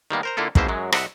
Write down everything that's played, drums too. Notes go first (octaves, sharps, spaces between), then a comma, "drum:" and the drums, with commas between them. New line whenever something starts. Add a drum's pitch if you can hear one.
D#3 G3 A#3 B3
A#4 C5 A#5
D3 A#3 E4 F4 A4
G#1 E2 B2 A#3 C5 E5, drum: kick
F#2 F#3 G#3
C2 D#5 E5 F#5, drum: rim click